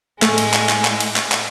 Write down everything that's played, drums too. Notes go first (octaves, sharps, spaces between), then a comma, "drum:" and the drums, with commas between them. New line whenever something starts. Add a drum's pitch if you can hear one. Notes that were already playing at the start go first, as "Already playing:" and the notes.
A2 G#3 A3, drum: clap
drum: cymbal
drum: clap
drum: clap
drum: clap
drum: cymbal
drum: clap
drum: clap